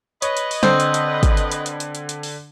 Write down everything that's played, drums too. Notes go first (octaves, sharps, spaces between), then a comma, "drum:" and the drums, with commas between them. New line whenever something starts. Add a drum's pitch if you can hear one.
B4 C#5 D#5, drum: hi-hat
drum: hi-hat
drum: open hi-hat
D3 C4, drum: snare
drum: hi-hat
drum: hi-hat
drum: kick, hi-hat
drum: hi-hat
drum: hi-hat
drum: hi-hat
drum: hi-hat
drum: hi-hat
drum: hi-hat
drum: open hi-hat